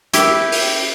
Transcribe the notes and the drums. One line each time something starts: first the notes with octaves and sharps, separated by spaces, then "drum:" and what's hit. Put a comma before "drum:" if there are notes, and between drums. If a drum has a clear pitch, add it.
E4 G4, drum: hi-hat
drum: open hi-hat